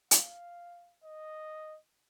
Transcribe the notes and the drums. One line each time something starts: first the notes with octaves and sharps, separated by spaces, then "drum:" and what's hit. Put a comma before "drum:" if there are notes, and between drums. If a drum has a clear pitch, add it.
F5, drum: hi-hat
D#5